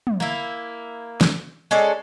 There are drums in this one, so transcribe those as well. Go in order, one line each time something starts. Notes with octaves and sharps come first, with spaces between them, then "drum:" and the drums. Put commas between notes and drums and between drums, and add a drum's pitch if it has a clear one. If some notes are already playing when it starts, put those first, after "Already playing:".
drum: tom
A#3 E4
drum: snare
G#3 C#4 A4 D5